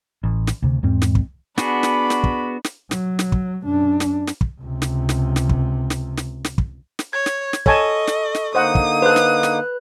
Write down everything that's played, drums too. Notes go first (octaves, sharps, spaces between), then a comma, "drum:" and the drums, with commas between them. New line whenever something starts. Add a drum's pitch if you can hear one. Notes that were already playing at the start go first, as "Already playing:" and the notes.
A1
drum: snare
D2 C3
E2 G#2 C4
drum: snare
drum: kick
B3 D4 F#4 G#4 B5, drum: snare
drum: snare
drum: snare
drum: kick
drum: snare
F#3, drum: snare
drum: snare
drum: kick
F#2 D4
drum: snare
drum: snare
drum: kick
C#2 C3
drum: snare
drum: snare
drum: snare
drum: kick
drum: snare
drum: snare
drum: snare
drum: kick
drum: snare
C#5 G#6
drum: snare
drum: snare
A4 C#5 D#5 G#5 A5 C#6, drum: kick
drum: snare
drum: snare
D3 A#3 D#4 C5 D#5 F#5 D#6
drum: kick
A4 B4 C5 F#6
drum: snare
drum: snare